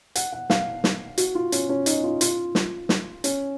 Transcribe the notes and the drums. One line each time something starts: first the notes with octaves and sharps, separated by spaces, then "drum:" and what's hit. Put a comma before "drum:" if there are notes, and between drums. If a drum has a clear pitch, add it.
F#5, drum: hi-hat
F#5
F5, drum: snare
drum: snare
F#4, drum: hi-hat
F4
C#4, drum: hi-hat
C#4
D#4, drum: hi-hat
F4
F4, drum: hi-hat
drum: snare
drum: snare
C#4, drum: hi-hat